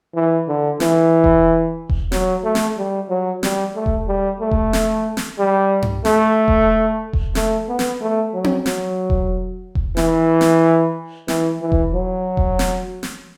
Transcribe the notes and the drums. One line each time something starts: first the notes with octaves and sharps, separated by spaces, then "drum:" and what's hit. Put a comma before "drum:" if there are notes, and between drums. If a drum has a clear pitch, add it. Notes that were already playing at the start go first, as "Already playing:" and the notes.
E3
D3
E3, drum: snare
drum: kick E1
drum: kick E1
F#3, drum: snare
A3
drum: snare
G3
F#3
G3, drum: snare
A3
drum: kick E1
G3
A3
drum: kick E1
drum: snare
drum: snare
G3
drum: tom G2
A3, drum: snare
drum: kick E1
drum: kick E1
A3, drum: snare
B3
drum: snare
A3
F#3
drum: tom C4
F#3, drum: snare
drum: kick E1
drum: kick E1
E3, drum: snare
drum: snare
E3, drum: snare
E3
drum: kick E1
F#3
drum: kick E1
drum: snare
drum: snare